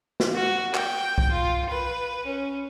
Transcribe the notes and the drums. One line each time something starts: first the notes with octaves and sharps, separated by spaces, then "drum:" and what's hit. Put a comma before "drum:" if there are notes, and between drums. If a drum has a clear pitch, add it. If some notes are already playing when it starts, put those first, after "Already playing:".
drum: snare
F#4
G5, drum: clap
drum: kick C2
F4
B4
C#4